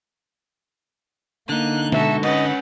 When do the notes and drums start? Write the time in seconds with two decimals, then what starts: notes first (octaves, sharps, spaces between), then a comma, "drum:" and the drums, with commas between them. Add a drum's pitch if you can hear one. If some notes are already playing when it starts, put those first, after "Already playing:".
1.49 D3 A#3 D#4 F#6
1.92 B2 G#3 F#4 A4 E5, drum: snare
2.23 C#4 B4 D#5 F#5, drum: cymbal